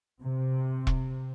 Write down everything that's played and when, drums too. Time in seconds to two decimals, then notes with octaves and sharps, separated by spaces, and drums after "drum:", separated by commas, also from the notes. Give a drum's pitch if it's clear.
0.21 C3
0.87 drum: kick E1